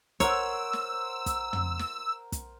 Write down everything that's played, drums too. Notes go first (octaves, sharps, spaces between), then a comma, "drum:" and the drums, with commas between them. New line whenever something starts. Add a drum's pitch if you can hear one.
A#4 C5 C#5 F#5 E6, drum: kick, hi-hat
drum: snare
drum: kick, hi-hat
drum: tom
drum: snare
drum: kick, hi-hat